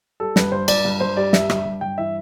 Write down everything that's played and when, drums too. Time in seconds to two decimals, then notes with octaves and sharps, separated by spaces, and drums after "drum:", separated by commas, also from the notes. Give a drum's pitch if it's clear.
0.20 G3 A4
0.36 G2 B4, drum: snare
0.52 G2 C5
0.68 G2 D5, drum: cymbal
0.85 G2
1.00 G2 C5
1.17 G3 D5
1.33 G2 E5, drum: snare
1.50 G2 E5, drum: rim click
1.65 G2
1.81 G2 G5
1.98 E3 E5